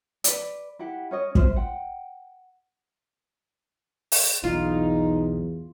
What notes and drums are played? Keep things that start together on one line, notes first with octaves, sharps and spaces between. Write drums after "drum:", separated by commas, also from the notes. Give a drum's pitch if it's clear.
B4 D5, drum: hi-hat
E4 G4 F#5
C#4 C#5 D#5
F4 C5 E5, drum: kick
F#5 G5
drum: open hi-hat
B1 E2 D#4 F4